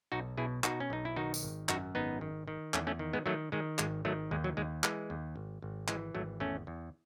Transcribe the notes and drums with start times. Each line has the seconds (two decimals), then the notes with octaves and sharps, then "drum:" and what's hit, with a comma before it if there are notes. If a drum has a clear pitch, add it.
0.12 B1 D#4 F#4
0.37 B2 E4 G#4
0.64 B2 D#4 F#4, drum: clap
0.80 C#4
0.90 B1 D#4
1.05 E4
1.16 D#3 D#4 F#4
1.34 drum: tambourine
1.43 G#1
1.69 F#2 D#4 F#4, drum: clap
1.95 G#1 B3 D#4
2.21 D#3
2.48 D#3
2.74 E2 A3 C#4, drum: clap
2.87 A3 C#4
2.99 D#3
3.13 G#3 B3
3.26 D#3 F#3 A3
3.52 D#3 G#3
3.79 G#1 G#3, drum: clap
4.05 D#3 F#3 A3
4.31 D#2 G#3
4.44 F#3
4.57 D#2 G#3
4.84 E3 G#3, drum: clap
5.10 D#2
5.36 G#1
5.62 G#1
5.88 E3 G#3, drum: clap
6.15 G#1 F#3 A3
6.40 E2 A3 C#4
6.67 E2